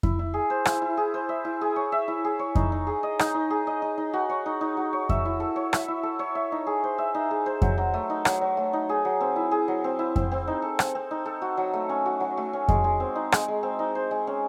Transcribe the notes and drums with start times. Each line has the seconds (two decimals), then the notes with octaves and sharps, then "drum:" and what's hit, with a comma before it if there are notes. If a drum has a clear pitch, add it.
0.03 E4, drum: kick F2
0.19 E4
0.34 G#4
0.50 C5
0.65 E4, drum: rim click
0.82 E4
0.97 G#4
1.14 C5
1.29 E5
1.45 E4
1.61 G#4
1.76 C#5
1.92 E5
2.08 E4
2.25 G#4
2.39 C#5
2.55 D#4, drum: kick F2
2.72 D#4
2.87 G#4
3.03 D#5
3.19 D#4, drum: rim click
3.34 D#4
3.50 G#4
3.67 D#5
3.82 D#4
3.98 D#4
4.13 F#4
4.29 C#5
4.46 D#4
4.61 D#4
4.77 F#4
4.93 C#5
5.09 E5, drum: kick F2
5.25 E4
5.40 A4
5.56 C#5
5.73 E5, drum: rim click
5.88 E4
6.03 A4
6.19 C#5
6.35 E5
6.52 D#4
6.67 G#4
6.84 C5
6.98 E5
7.15 D#4
7.31 G#4
7.46 C5
7.62 F#3, drum: kick F2
7.78 F#3
7.94 A3
8.10 D#4
8.25 F#3, drum: rim click
8.41 F#3
8.57 A3
8.73 D#4
8.89 G#4
9.05 F#3
9.21 C4
9.36 E4
9.51 G#4
9.68 F#3
9.84 C4
9.99 E4
10.16 C4, drum: kick F2
10.32 C4
10.47 D#4
10.62 A4
10.79 C4, drum: rim click
10.95 C4
11.11 D#4
11.26 A4
11.42 F#4
11.57 F#3
11.74 A3
11.89 C#4
12.06 F#4
12.20 F#3
12.37 A3
12.53 C#4
12.68 G#3, drum: kick F2
12.84 G#3
13.00 C4
13.15 D#4
13.32 G#3, drum: rim click
13.48 G#3
13.63 C4
13.79 D#4
13.95 C5
14.11 G#3
14.27 C#4